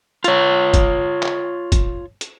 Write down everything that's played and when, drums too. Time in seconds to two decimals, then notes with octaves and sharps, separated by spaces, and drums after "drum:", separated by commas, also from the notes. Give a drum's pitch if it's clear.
0.24 F4 C#5, drum: hi-hat
0.74 drum: kick, hi-hat
1.23 drum: clap
1.72 drum: kick, hi-hat
2.21 drum: hi-hat